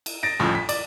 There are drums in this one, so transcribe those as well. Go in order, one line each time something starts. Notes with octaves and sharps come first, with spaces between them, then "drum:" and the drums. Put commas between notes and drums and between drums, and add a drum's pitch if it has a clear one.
drum: cymbal
A6 A#6 D7
A1 D2 A2 F3
B6
D5, drum: cymbal